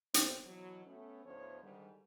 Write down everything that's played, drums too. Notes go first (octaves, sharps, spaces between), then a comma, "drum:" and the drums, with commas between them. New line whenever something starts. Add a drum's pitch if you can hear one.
C4, drum: hi-hat
B2 E3 F#3
A3 B3 C#4
D2 A2 F3 B3 C5 C#5
G#2 D3 D#3 G3